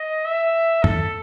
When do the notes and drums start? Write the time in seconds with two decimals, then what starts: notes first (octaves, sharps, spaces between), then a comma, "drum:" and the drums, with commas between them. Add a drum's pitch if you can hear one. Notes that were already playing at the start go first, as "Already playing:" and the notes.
Already playing: D#5
0.25 E5
0.84 A4, drum: tom